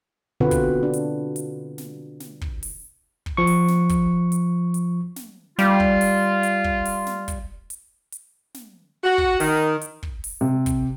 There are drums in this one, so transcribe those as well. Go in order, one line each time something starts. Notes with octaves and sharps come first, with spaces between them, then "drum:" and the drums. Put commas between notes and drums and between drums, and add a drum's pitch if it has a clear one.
B2 D3 C4 F4 B4 F#5
drum: kick, hi-hat
D4
drum: hi-hat
drum: hi-hat
drum: snare
drum: snare
drum: kick
drum: open hi-hat
drum: kick
F3 C#6
drum: open hi-hat
drum: snare
drum: kick, hi-hat
drum: hi-hat
drum: hi-hat
drum: snare
G3 F4, drum: snare
drum: kick
drum: open hi-hat
drum: hi-hat
drum: kick
drum: open hi-hat
drum: snare
drum: kick, hi-hat
drum: hi-hat
drum: hi-hat
drum: snare
F#4
drum: kick
D#3, drum: open hi-hat
drum: hi-hat
drum: kick
drum: open hi-hat
C3
drum: kick, hi-hat